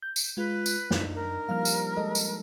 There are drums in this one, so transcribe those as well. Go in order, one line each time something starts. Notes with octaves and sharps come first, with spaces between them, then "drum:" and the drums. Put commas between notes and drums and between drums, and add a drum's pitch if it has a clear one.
G6
drum: tambourine
G#3 F4 B4
drum: tambourine
F#2 D4 D#4, drum: snare
A#4
F3 G3 A#3 F5 F6
drum: tambourine
G#3 A4 D#5
drum: tambourine